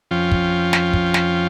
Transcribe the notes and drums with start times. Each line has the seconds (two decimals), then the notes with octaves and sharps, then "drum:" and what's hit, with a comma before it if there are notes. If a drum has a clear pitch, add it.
0.11 F2 F3 C#4 F4 G5
0.32 drum: kick
0.73 drum: snare
0.93 drum: kick
1.14 drum: snare